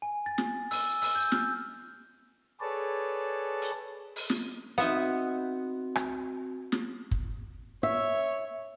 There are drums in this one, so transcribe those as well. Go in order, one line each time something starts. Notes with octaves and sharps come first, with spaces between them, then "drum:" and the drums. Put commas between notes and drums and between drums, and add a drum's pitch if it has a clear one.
G#5
A6
drum: snare
E6, drum: open hi-hat
E6, drum: open hi-hat
G6
F6, drum: snare
G#4 A4 B4 C#5 D5 A5
drum: hi-hat
drum: open hi-hat
drum: snare
B3 C4 D#4 F#4 E5 F#5, drum: hi-hat
drum: rim click
drum: snare
drum: kick
C#5 E5